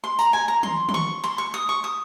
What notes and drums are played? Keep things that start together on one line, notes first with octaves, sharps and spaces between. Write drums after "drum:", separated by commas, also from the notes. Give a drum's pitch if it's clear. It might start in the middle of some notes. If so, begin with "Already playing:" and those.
C6
A#5, drum: tambourine
G#5
A#5
C6, drum: tom
C6, drum: tom D#3
C#6
C6
C#6
D#6
C#6
D#6